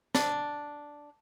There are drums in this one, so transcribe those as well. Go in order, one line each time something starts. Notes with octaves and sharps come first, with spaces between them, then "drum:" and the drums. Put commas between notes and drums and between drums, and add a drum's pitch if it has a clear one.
D4, drum: snare